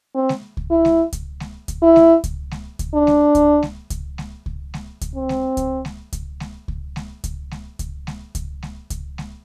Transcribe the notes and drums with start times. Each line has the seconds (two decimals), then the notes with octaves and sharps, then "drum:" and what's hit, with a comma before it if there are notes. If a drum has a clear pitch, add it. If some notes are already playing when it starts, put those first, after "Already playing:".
0.15 C4
0.29 drum: snare G#3
0.57 drum: kick C#2
0.70 E4
0.85 drum: snare G#3
1.13 drum: kick C#2, hi-hat
1.40 drum: snare G#3
1.68 drum: kick C#2, hi-hat
1.82 E4
1.96 drum: snare G#3
2.24 drum: kick C#2, hi-hat
2.51 drum: snare G#3
2.79 drum: kick C#2, hi-hat
2.94 D4
3.07 drum: snare G#3
3.35 drum: kick C#2, hi-hat
3.63 drum: snare G#3
3.90 drum: kick C#2, hi-hat
4.18 drum: snare G#3
4.46 drum: kick C#2
4.74 drum: snare G#3
5.01 drum: kick C#2, hi-hat
5.15 C4
5.29 drum: snare G#3
5.57 drum: kick C#2, hi-hat
5.85 drum: snare G#3
6.13 drum: kick C#2, hi-hat
6.40 drum: snare G#3
6.68 drum: kick C#2
6.96 drum: snare G#3
7.24 drum: kick C#2, hi-hat
7.51 drum: snare G#3
7.79 drum: kick C#2, hi-hat
8.07 drum: snare G#3
8.35 drum: kick C#2, hi-hat
8.63 drum: snare G#3
8.90 drum: kick C#2, hi-hat
9.18 drum: snare G#3